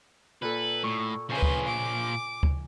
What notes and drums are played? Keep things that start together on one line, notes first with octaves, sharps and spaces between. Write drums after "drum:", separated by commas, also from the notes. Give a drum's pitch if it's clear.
A#2 A4 B4
A2 C#6
A#2 C#3 B4 C5 G#5 C#6
drum: kick D2
D6
drum: kick D2